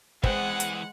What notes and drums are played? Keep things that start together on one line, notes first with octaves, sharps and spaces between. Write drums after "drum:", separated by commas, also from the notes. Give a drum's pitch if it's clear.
E3 G#3 B3 C4 G#4 F#5 G5, drum: kick
drum: hi-hat